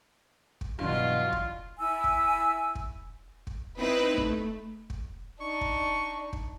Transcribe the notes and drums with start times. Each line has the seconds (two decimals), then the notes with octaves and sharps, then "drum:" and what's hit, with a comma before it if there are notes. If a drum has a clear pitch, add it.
0.61 drum: kick
0.79 G2 B2 E3 F#3 F4
1.32 drum: kick
1.80 E4 G#5 E6
2.04 drum: kick
2.75 drum: kick
3.47 drum: kick
3.78 C4 D#4 E4 B4
4.18 A3, drum: kick
4.90 drum: kick
5.41 D4 D#4 C#6
5.61 drum: kick
6.33 drum: kick